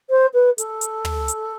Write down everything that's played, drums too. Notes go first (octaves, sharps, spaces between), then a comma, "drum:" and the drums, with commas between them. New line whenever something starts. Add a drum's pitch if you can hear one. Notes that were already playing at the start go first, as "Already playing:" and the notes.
C5
B4
A4, drum: hi-hat
drum: hi-hat
drum: tom
drum: hi-hat